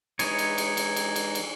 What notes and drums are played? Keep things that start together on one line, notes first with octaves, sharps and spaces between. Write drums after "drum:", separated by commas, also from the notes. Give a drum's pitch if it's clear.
E3 G#3 D#4 E4 C#5, drum: cymbal
drum: cymbal
drum: cymbal
drum: cymbal
drum: cymbal
drum: cymbal
drum: cymbal